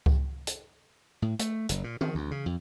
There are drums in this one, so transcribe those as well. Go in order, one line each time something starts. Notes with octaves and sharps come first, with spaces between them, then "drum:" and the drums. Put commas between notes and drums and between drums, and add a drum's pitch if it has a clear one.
drum: kick C#2
drum: hi-hat
A2
A3, drum: hi-hat
F#1, drum: hi-hat
A#2
D#3, drum: tom
D2
C#3
F2